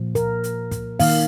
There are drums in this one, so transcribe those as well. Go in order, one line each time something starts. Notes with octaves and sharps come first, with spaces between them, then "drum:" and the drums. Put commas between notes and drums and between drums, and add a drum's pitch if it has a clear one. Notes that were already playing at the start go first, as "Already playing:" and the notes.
Already playing: A#2 F3 A#3
A#4, drum: kick, hi-hat
drum: hi-hat
drum: kick, hi-hat
D#3 A#3 F5, drum: open hi-hat